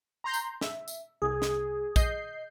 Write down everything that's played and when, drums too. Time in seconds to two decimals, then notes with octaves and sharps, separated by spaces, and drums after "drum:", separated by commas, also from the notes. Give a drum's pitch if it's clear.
0.24 A#5 C6 G6
0.34 drum: tambourine
0.61 E5, drum: snare
0.88 drum: tambourine
1.22 C2 G#4
1.42 drum: snare
1.96 D#5 G6 C7, drum: kick A#1, tambourine